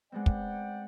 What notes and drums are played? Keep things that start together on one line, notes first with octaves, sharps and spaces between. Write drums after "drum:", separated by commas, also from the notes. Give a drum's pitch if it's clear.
G#3 B3 C4 D5 F#5 G5
drum: kick